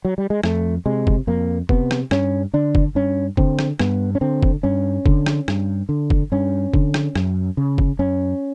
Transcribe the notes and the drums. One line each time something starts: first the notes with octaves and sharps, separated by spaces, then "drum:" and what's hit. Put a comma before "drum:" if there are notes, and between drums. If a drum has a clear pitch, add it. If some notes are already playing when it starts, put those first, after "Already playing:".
F#3
G3
G#3
F2 A3, drum: rim click
C3 G#3
drum: kick
F2 A#3
C3 B3, drum: kick
drum: rim click
G2 C#4, drum: rim click
D3 D4
drum: kick
G2 C#4
D3 C4, drum: kick
drum: rim click
G2 B3, drum: rim click
C#4
D3 C4
drum: kick
G2 C#4
D3, drum: kick
drum: rim click
G2, drum: rim click
D3
drum: kick
G2 C#4
D3, drum: kick
drum: rim click
F#2, drum: rim click
C#3
drum: kick
F#2 C#4